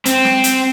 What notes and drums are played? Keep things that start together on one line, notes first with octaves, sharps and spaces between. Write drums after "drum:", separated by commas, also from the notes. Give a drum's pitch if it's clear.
C4, drum: hi-hat
drum: snare
drum: hi-hat